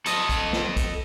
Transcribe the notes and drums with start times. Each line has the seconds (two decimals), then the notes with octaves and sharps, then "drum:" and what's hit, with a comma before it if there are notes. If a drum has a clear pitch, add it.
0.06 A4 D#5, drum: hi-hat
0.29 drum: kick, hi-hat
0.53 drum: snare
0.76 drum: kick, hi-hat